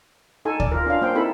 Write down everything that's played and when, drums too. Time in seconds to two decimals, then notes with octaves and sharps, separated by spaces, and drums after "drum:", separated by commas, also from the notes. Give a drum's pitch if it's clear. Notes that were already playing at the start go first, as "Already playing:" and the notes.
0.45 D#4 A4 G#5
0.60 D5, drum: kick
0.72 F4 A#4
0.86 C#4 D4 F4 F5
1.02 A#3 C5 G5
1.15 C4 D#4 E4 A4 B5